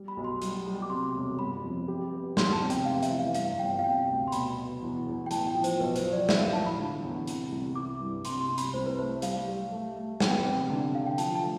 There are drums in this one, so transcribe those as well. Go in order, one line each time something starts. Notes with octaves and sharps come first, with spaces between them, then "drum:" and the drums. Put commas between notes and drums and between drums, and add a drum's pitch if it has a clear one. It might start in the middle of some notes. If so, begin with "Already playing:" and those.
Already playing: G3
B5
B1
C6
G3, drum: hi-hat
G3
D6
C3 C6
E1
G1 B5
F2
G4
B3
G1 C6, drum: snare
A5
C3
G5, drum: hi-hat
F1 F5
E5, drum: hi-hat
E3
F5
G2 F5, drum: hi-hat
G1 G5
F5
C3 G5
D2
C6
B2 B5, drum: hi-hat
B2
E2
E2
G5
A1 A5, drum: hi-hat
G5
F3
C5, drum: hi-hat
B1 B4
C5, drum: hi-hat
F3
D5
B3 E5, drum: snare
F5
A2 A5
B5
D3
E2
C3, drum: hi-hat
C2
E4 D6
G2
C3 C6, drum: hi-hat
C6
C3
B5, drum: hi-hat
C2 C5
B4
A3 C5
G3 F5, drum: hi-hat
G3
A3
A3
B3 G5, drum: snare
C3
D3
D3 F5
G5
F3 A5, drum: hi-hat
A5
A3